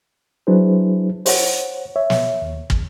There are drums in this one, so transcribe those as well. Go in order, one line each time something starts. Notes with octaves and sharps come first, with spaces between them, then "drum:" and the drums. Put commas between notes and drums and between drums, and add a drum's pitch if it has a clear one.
F#3 D4 E4 G#4 B4 C5
C5 C#5 F#5, drum: open hi-hat
C#5 E5
drum: snare
D#2
E2, drum: kick